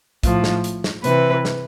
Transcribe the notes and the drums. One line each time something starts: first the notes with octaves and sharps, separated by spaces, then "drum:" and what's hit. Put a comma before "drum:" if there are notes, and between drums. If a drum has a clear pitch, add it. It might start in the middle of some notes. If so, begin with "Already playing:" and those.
A2 F3, drum: kick, hi-hat
drum: snare
drum: hi-hat
drum: snare
C3 E3 B4, drum: hi-hat
drum: snare